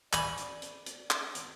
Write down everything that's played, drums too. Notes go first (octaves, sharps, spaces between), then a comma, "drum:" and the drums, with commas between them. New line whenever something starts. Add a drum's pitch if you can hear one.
D5 G#5 B5, drum: clap
drum: hi-hat
drum: hi-hat
drum: hi-hat
drum: clap
drum: hi-hat